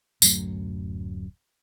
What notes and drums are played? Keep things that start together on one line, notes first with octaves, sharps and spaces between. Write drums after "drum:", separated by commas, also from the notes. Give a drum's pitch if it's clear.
D1 F#2 F#3 A3, drum: tambourine